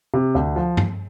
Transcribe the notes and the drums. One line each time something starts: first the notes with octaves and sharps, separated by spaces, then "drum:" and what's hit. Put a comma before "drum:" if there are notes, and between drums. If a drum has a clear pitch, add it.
C3
D2
F3
drum: tom